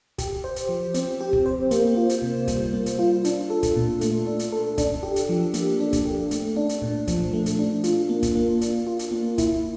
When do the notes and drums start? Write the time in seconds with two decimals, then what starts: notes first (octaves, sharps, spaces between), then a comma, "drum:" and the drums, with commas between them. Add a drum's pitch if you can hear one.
0.18 G4, drum: kick, hi-hat
0.44 C5
0.56 drum: hi-hat
0.69 F3
0.94 C4, drum: hi-hat
1.21 G4
1.33 drum: kick
1.46 C5
1.71 A#3, drum: hi-hat
1.97 F4
2.09 drum: hi-hat
2.22 C3
2.48 G3, drum: kick, hi-hat
2.73 A#3
2.86 drum: hi-hat
2.99 F4
3.25 D4, drum: hi-hat
3.50 A4
3.63 drum: kick, hi-hat
3.76 A#2
4.01 A3, drum: hi-hat
4.27 D4
4.39 drum: hi-hat
4.52 A4
4.78 D4, drum: kick, hi-hat
5.03 G4
5.16 drum: hi-hat
5.29 F3
5.54 A#3, drum: hi-hat
5.80 D4
5.93 drum: kick, hi-hat
6.05 G4
6.31 A3, drum: hi-hat
6.56 D4
6.69 drum: hi-hat
6.82 A#2
7.08 F3, drum: kick, hi-hat
7.33 A3
7.46 drum: hi-hat
7.59 D4
7.84 F4, drum: hi-hat
8.09 A#3
8.23 drum: kick, hi-hat
8.35 A#3
8.61 D4, drum: hi-hat
8.87 F4
8.99 drum: hi-hat
9.11 A#3
9.38 E4, drum: kick, hi-hat